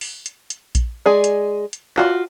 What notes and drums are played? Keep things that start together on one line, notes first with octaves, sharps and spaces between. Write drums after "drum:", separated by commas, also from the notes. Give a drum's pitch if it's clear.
drum: open hi-hat
drum: hi-hat
drum: hi-hat
drum: kick A#1, hi-hat
G#3 G#4 D5
drum: hi-hat
drum: hi-hat
F4 F#4, drum: clap